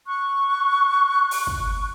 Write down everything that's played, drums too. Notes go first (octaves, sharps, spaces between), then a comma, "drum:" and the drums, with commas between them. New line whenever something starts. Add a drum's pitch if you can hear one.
C#6 F#6
drum: open hi-hat
drum: kick